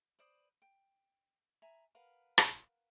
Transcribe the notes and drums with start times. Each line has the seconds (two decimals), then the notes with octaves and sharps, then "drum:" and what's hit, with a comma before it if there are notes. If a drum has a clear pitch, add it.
0.19 B4 C5 D5 D#6
0.62 G5
1.62 E5 G#5 A#5 B5
1.95 A#4 B4 F5 F#5
2.38 drum: rim click